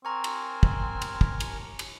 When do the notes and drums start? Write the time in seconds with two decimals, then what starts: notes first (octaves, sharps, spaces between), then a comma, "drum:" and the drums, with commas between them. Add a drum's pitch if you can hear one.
0.05 C4 A#4 G#5 A#5 C#6
0.24 drum: cymbal
0.63 drum: kick
1.02 drum: cymbal
1.21 drum: kick
1.40 drum: cymbal
1.79 drum: cymbal